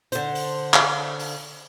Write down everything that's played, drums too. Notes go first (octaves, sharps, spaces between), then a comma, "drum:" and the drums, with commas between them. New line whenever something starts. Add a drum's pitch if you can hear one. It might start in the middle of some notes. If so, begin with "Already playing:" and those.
D3 C5, drum: hi-hat
drum: open hi-hat
drum: clap
drum: open hi-hat